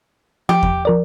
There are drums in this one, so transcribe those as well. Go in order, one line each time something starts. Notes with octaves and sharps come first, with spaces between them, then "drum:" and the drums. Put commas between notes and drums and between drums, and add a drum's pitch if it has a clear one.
F3 G4
drum: kick E2
F3 A#4 D5